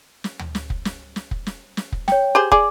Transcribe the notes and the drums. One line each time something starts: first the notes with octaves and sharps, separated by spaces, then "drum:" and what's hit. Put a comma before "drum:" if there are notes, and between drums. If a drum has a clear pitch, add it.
drum: snare
drum: tom D2
drum: snare
drum: kick
drum: snare
drum: snare
drum: kick
drum: snare
drum: snare
drum: kick
C#5 G5, drum: snare
G4 G#4 C5
G#4 D5 D6, drum: kick